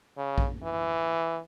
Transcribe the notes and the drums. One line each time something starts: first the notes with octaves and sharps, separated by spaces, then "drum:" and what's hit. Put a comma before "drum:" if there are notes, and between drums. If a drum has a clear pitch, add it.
C#3
drum: kick A#1
E3